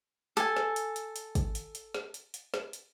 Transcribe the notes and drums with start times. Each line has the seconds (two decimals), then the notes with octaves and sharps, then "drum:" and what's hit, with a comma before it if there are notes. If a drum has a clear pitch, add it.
0.37 A4 G#5, drum: hi-hat
0.56 drum: snare
0.76 drum: hi-hat
0.96 drum: hi-hat
1.16 drum: hi-hat
1.35 drum: kick, hi-hat
1.55 drum: hi-hat
1.75 drum: hi-hat
1.94 drum: snare
2.14 drum: hi-hat
2.34 drum: hi-hat
2.54 drum: snare
2.73 drum: hi-hat